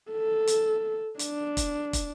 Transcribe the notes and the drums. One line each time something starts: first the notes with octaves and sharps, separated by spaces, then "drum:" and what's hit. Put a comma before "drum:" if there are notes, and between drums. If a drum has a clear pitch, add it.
A4
drum: hi-hat
D4, drum: hi-hat
drum: kick, hi-hat
drum: kick, hi-hat